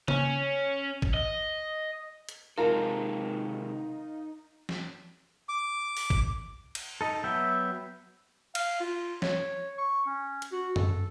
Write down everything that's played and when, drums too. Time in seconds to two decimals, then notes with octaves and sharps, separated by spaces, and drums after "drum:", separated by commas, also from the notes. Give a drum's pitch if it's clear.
0.08 C#4, drum: tom C#3
1.02 drum: kick A1
1.14 D#5
2.29 drum: hi-hat
2.58 C3 G#3 D#4 F4 A4 A#4 A#5
4.69 drum: snare
5.49 D6
5.97 drum: open hi-hat
6.10 drum: kick A1
6.75 drum: cymbal
7.01 D#4 A4
7.24 F#3 B3 E5 G5
8.55 F5, drum: cymbal
8.80 F4
9.22 C#5, drum: snare
9.78 C#6
10.07 C#4
10.42 drum: hi-hat
10.52 F#4
10.76 A4, drum: tom F#2